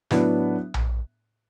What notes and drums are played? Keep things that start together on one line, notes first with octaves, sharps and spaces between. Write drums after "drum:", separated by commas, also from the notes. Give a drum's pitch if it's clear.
A2 F#3 B3 D4, drum: snare
drum: tom A#1